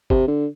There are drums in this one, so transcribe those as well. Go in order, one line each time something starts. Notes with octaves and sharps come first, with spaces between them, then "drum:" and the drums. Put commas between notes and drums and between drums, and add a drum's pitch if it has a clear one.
C3, drum: kick
D3